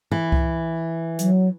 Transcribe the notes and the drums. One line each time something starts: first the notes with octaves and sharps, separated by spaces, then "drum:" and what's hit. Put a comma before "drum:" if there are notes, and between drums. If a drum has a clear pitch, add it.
E3
drum: kick C2
F#3, drum: hi-hat